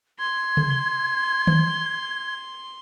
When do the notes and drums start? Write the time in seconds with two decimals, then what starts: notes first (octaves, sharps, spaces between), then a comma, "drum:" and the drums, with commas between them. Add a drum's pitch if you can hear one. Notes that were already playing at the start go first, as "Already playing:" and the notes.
0.19 C6 G#6
0.57 drum: tom C3
1.47 drum: tom D#3